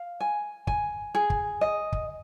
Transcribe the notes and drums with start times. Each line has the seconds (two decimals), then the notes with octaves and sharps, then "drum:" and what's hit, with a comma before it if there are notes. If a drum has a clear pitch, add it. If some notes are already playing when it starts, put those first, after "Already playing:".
Already playing: F5
0.20 G#5
0.67 G#5, drum: kick
1.15 G#4
1.30 drum: kick
1.61 D#5
1.92 drum: kick